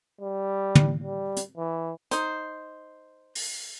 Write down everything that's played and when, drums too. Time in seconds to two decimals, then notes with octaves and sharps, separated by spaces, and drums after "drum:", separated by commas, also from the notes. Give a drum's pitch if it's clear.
0.21 G3
0.75 drum: tom
1.04 G3
1.37 drum: hi-hat
1.57 E3
2.11 D#4 C5, drum: hi-hat
3.35 drum: open hi-hat